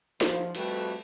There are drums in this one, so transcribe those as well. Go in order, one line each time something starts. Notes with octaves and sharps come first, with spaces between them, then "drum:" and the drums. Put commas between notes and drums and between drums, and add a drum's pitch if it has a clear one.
F3, drum: snare
F2 G3 A3 F#4 G4 B4, drum: cymbal